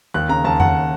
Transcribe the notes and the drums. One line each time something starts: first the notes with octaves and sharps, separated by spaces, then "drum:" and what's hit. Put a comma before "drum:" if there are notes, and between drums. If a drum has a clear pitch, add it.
D#2 F#6
C#3 A#5
D#2 A5
D#2 F#5, drum: tom E2